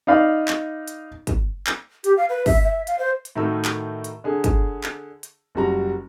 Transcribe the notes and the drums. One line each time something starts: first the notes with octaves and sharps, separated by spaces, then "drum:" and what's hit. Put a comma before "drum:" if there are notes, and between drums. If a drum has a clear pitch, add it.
D#4 D5 F5 B5
drum: clap
drum: hi-hat
drum: kick, hi-hat
drum: clap
G4, drum: hi-hat
F5
B4
E5, drum: kick, open hi-hat
E5
F5, drum: hi-hat
C5
drum: hi-hat
A2 D#3 A3 F#4 A#4 E6
drum: clap
drum: hi-hat
D3 G#4
drum: kick, hi-hat
drum: clap
drum: hi-hat
F#1 G3 F#4 A#5